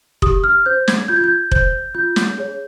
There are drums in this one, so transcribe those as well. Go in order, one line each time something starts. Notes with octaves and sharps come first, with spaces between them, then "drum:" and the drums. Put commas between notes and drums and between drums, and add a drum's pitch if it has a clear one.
G4 D#6, drum: kick F1
F6
C5 G6
G#6, drum: snare
F4 G6
G#6
G6
C5 G6, drum: kick F1
F4 G6
drum: snare
G#4 C#5